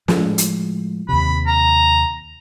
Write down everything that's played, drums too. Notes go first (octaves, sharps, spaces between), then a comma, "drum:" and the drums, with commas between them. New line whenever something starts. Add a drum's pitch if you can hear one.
A2 F3 G#3, drum: snare
drum: hi-hat
D#2 C3 B5
A#5